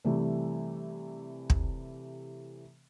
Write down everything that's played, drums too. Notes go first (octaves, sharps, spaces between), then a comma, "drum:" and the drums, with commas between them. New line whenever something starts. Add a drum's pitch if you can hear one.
C3 E3 G3 A3
drum: kick